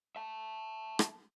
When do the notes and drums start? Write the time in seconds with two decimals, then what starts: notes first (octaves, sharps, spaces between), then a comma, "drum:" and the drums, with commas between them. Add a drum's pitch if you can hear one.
0.16 E5 A5
0.99 drum: rim click